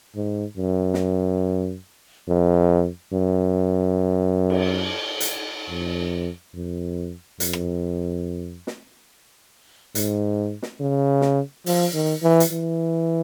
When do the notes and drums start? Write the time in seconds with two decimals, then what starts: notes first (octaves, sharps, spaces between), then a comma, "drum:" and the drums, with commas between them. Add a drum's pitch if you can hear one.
0.15 G#2
0.57 F#2
0.94 drum: snare
2.28 F2
3.13 F#2
4.50 drum: cymbal
5.20 drum: hi-hat
5.69 F2
6.54 F2
7.40 F2, drum: hi-hat
7.53 drum: rim click
8.67 drum: snare
9.95 G#2, drum: hi-hat
10.62 drum: snare
10.80 C#3
11.21 drum: snare
11.66 F3, drum: open hi-hat
11.94 D#3
12.23 E3
12.40 drum: hi-hat
12.52 E3